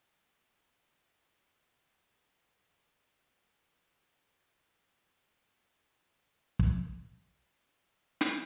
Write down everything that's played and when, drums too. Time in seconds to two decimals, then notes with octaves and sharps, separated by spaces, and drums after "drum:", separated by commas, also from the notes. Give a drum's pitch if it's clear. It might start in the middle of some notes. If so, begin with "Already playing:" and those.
0.12 F#4
0.26 D#4
0.40 F#4
0.55 D#5
0.68 D#5
0.83 C#5
0.97 B4
1.11 C#5
1.25 G#4
2.22 B3
2.30 C#4
2.37 D#4
2.52 B3
2.65 G#3
2.80 G#3
2.93 B3
3.12 D#4
3.32 F#4
3.50 B4
3.69 G#4
3.88 D#4
5.19 G#3
6.59 drum: kick
8.21 drum: snare